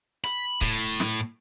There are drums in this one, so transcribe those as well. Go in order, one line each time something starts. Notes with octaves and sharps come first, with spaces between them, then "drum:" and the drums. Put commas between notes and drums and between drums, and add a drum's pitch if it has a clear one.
B5, drum: hi-hat
A2, drum: kick C#1, hi-hat
drum: snare